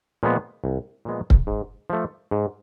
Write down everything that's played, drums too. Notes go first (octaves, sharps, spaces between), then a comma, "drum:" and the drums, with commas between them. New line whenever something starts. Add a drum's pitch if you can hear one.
A#2 F3 G#3 B3
C2
A#2 F3 G#3 B3
drum: kick C#1
G#2
F3 A3
G#2